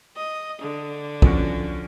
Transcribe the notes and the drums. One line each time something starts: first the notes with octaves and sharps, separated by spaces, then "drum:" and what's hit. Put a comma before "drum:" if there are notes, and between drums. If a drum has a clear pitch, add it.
D#5
D3
F3 C#4 F#4, drum: kick